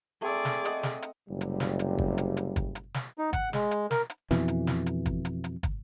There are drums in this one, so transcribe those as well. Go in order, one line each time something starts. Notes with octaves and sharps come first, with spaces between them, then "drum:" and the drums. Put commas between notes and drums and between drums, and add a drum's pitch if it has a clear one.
A3 C4 G#4 D5 E6
drum: snare
D#5 F#5, drum: hi-hat
drum: snare
drum: hi-hat
F#1 C3 G3
drum: hi-hat
drum: snare
drum: hi-hat
drum: kick
drum: hi-hat
drum: hi-hat
drum: kick, hi-hat
drum: hi-hat
drum: snare
D#4
F#5, drum: kick, hi-hat
G#3, drum: snare
drum: hi-hat
A#4, drum: snare
drum: hi-hat
F2 B2 E3, drum: snare
drum: hi-hat
drum: snare
drum: hi-hat
drum: kick, hi-hat
drum: hi-hat
drum: hi-hat
drum: kick, hi-hat